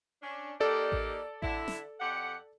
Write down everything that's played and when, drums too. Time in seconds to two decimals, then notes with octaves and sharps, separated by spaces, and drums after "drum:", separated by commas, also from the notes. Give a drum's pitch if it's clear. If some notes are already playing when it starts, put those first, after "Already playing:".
0.22 C#4 D4
0.60 A#3 D#4 G4 A4 D5
0.92 drum: kick A1
1.42 D3 E4, drum: kick A1
1.68 drum: snare
2.00 F2 G4 F#5